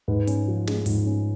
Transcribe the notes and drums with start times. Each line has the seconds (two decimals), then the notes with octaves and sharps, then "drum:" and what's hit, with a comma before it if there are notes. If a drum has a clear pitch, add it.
0.08 G#2 B4
0.27 C#4, drum: hi-hat
0.48 F3
0.67 G#3, drum: snare
0.86 G#2, drum: open hi-hat
1.06 C#4